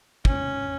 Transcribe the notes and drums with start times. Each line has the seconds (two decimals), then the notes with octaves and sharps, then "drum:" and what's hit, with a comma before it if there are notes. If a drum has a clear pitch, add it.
0.25 C#4, drum: kick